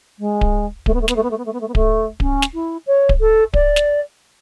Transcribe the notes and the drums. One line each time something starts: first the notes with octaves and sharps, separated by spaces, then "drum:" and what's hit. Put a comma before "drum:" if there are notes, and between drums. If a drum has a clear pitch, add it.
G#3
drum: kick D1
A3, drum: kick D1
B3
A3
B3, drum: snare
A3
B3
A3
B3
A3
B3
A3
B3
A3, drum: kick D1
C#4, drum: kick D1
drum: snare
E4
C#5
drum: kick D1
A4
D5, drum: kick D1
drum: snare